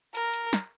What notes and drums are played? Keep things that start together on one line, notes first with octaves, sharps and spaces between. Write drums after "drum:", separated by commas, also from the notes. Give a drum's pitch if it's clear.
A#4, drum: hi-hat
drum: hi-hat
drum: snare